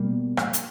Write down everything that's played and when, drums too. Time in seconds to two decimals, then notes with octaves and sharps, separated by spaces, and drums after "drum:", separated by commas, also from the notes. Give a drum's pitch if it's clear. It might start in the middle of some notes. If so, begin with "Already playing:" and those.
Already playing: B2 G3 A#3
0.37 drum: rim click
0.53 drum: hi-hat